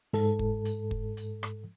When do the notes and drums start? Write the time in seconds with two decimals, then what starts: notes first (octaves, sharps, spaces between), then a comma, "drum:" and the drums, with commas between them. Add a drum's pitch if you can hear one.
0.13 G#2 A4, drum: open hi-hat
0.39 drum: kick
0.65 drum: hi-hat
0.91 drum: kick
1.17 drum: hi-hat
1.43 drum: rim click